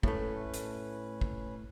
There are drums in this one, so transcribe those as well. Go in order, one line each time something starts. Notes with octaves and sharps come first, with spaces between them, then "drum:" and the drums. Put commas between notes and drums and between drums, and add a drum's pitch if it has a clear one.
A2 A3 C#4 B4, drum: kick
drum: hi-hat
drum: kick